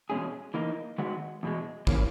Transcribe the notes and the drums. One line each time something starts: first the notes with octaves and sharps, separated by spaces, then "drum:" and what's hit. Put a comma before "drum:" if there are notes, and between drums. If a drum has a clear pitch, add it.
E2 B2 G#3 C#4 G#4
E3 A#3 D#4
D#3 G#3 B3 F#4
E2 B2 G#3
E3 A#3 C#4, drum: kick A1